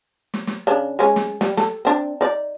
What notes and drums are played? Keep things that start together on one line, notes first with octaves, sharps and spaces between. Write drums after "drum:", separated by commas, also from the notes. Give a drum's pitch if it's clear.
drum: snare
drum: snare
C#3 D4
G#3 C#4
drum: snare
G3, drum: snare
A4, drum: snare
C4 D4
D#4 D5